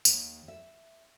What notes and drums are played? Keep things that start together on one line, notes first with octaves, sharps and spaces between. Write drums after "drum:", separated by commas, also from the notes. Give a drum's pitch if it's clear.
D#2, drum: tambourine
E5